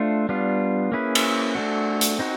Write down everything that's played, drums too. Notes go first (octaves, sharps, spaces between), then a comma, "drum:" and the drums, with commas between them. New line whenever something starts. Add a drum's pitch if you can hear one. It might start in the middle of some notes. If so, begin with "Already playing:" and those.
Already playing: A3 D4 F4 A4 C5
G3 B3 D4 F4
A#3 C#4 E4 G#4 B4
drum: cymbal
A3 D4 F#4
drum: hi-hat
C4 D#4 F#4